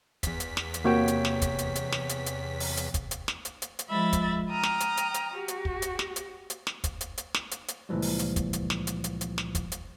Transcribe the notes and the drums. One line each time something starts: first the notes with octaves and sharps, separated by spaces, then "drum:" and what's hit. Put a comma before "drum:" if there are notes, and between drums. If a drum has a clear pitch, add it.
E2 B6, drum: kick, hi-hat
drum: hi-hat
drum: snare
drum: hi-hat
C3 A#3 F#4 C#5 G5
drum: hi-hat
drum: snare
drum: kick, hi-hat
drum: hi-hat
drum: hi-hat
drum: snare
drum: hi-hat
drum: hi-hat
drum: open hi-hat
drum: hi-hat
drum: kick, hi-hat
drum: hi-hat
drum: snare
drum: hi-hat
drum: hi-hat
drum: hi-hat
F3 G#3 E5 B5 A6
drum: kick, hi-hat
G5 A#5 D#6 F6
drum: snare
drum: hi-hat
drum: hi-hat
drum: hi-hat
F#4 G4
drum: hi-hat
drum: kick
drum: hi-hat
drum: snare
drum: hi-hat
drum: hi-hat
drum: snare
drum: kick, hi-hat
drum: hi-hat
drum: hi-hat
drum: snare
drum: hi-hat
drum: hi-hat
C#2 A#2 E3 F3 G3
drum: open hi-hat
drum: hi-hat
drum: kick, hi-hat
drum: hi-hat
drum: snare
drum: hi-hat
drum: hi-hat
drum: hi-hat
drum: snare
drum: kick, hi-hat
drum: hi-hat